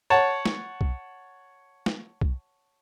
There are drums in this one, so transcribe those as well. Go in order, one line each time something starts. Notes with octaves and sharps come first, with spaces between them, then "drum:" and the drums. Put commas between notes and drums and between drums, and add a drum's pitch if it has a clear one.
C#5 F#5 A5
drum: snare
drum: kick B1
drum: snare
drum: kick B1